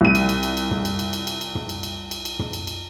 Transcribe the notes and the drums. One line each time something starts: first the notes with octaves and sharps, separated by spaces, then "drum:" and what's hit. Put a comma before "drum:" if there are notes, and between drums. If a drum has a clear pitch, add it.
C2 D#7
drum: cymbal
drum: cymbal
drum: cymbal
drum: cymbal
drum: tom
drum: cymbal
drum: cymbal
drum: cymbal
drum: cymbal
drum: cymbal
drum: tom
drum: cymbal
drum: cymbal
drum: cymbal
drum: cymbal
drum: tom
drum: cymbal
drum: cymbal